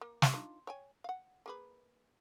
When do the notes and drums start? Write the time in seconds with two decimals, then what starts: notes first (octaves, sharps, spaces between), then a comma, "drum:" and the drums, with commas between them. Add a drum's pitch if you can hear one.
0.01 A#3
0.22 drum: snare
0.34 D4 D#4 F4
0.67 C#5 G5 G#5
1.04 F5 F#5
1.46 A#3 G#4 B4